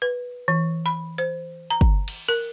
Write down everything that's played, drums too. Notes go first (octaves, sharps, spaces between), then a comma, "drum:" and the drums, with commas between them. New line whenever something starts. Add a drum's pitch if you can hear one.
B4
E3
B5
C5, drum: hi-hat
A#5
drum: kick G1
drum: cymbal
A#4